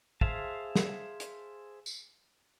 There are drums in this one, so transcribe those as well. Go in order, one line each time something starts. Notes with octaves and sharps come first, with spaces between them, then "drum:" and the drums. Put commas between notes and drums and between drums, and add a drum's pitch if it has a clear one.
G#4 C5 E5 F5 A5, drum: kick
drum: snare
drum: hi-hat
drum: tambourine